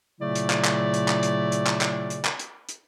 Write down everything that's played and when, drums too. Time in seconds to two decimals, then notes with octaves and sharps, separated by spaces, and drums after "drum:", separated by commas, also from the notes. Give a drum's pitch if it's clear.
0.21 A#2 C#3 F#3 A3 E4 D5
0.35 drum: hi-hat
0.50 drum: clap
0.65 drum: clap
0.94 drum: hi-hat
1.08 drum: clap
1.23 drum: hi-hat
1.52 drum: hi-hat
1.67 drum: clap
1.81 drum: clap
2.10 drum: hi-hat
2.25 drum: clap
2.39 drum: hi-hat
2.69 drum: hi-hat